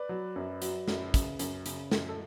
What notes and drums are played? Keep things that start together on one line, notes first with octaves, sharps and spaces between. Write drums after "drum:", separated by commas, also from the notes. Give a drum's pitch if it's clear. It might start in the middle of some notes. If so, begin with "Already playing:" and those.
Already playing: B4 D5
F#3
F#2
F#3, drum: hi-hat
F#2, drum: snare
C#3, drum: kick, hi-hat
F#2, drum: hi-hat
C#3, drum: hi-hat
F#2, drum: snare
A4